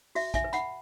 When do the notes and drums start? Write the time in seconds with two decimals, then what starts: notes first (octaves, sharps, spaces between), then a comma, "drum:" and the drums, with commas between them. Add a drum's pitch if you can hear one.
0.15 F#4 E5, drum: open hi-hat
0.34 E5 G#5, drum: kick A#1, hi-hat
0.44 B4
0.53 F#5 B5, drum: hi-hat